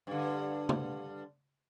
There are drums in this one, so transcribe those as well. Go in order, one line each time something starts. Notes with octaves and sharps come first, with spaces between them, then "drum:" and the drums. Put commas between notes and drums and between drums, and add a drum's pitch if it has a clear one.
G2 D3
drum: tom